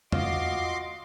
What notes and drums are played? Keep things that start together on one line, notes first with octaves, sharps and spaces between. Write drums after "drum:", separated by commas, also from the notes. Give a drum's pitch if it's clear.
F4 F#4 D#5 C6 D6, drum: tom E2